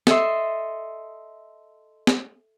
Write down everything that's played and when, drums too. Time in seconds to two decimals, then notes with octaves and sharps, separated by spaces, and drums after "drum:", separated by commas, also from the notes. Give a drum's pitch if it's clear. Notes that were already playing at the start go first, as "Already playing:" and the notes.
0.07 A4 D#5 E5 C6, drum: snare
2.07 drum: snare